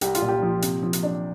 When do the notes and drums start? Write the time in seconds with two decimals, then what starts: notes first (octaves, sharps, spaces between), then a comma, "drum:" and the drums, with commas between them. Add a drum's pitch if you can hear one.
0.01 C2 G4, drum: hi-hat
0.15 F4, drum: hi-hat
0.22 A#2
0.28 G4
0.42 F3
0.62 C3, drum: hi-hat
0.82 F3
0.93 drum: hi-hat
1.03 D4